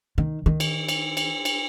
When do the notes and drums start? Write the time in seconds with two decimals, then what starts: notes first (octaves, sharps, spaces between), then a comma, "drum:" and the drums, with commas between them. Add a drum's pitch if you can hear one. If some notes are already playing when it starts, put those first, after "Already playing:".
0.18 D#3
0.46 D#3
0.60 drum: cymbal
0.89 drum: cymbal
1.17 drum: cymbal
1.45 drum: cymbal